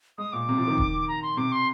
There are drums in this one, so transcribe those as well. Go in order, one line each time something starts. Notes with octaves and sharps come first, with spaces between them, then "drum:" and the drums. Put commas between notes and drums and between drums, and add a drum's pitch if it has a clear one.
G#3 D#6
A#2 D6
C3
F3
D#3
drum: kick E1
A#5
C6
C3 D6
C6